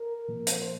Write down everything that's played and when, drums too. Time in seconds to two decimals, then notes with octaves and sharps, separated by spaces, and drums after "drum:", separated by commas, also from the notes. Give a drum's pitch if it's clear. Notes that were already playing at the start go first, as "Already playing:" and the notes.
Already playing: A#4
0.28 A#2 F3 A#3
0.47 drum: hi-hat
0.62 C5